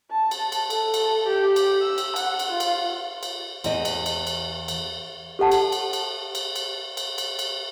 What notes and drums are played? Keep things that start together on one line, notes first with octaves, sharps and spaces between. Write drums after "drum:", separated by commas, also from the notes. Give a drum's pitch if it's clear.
A5
drum: cymbal
drum: cymbal
A4, drum: cymbal
drum: cymbal
G4
drum: cymbal
E6
drum: cymbal
F#5, drum: cymbal
drum: cymbal
F4
drum: cymbal
drum: cymbal
E2 D#5, drum: cymbal
drum: cymbal
drum: cymbal
drum: cymbal
drum: cymbal
G4 A4 F#5 A5
drum: cymbal
drum: cymbal
drum: cymbal
drum: cymbal
drum: cymbal
drum: cymbal
drum: cymbal
drum: cymbal